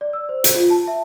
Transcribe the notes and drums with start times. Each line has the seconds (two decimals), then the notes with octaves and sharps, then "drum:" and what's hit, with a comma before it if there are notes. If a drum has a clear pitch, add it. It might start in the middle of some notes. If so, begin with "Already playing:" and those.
0.01 D5
0.13 E6
0.29 C5
0.44 C5, drum: hi-hat
0.55 F4
0.70 A5
0.88 E5